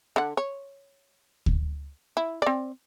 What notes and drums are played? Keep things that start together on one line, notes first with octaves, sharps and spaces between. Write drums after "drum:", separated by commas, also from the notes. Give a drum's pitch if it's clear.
D3 F#5
C#5
drum: kick D2
E4
C4 D5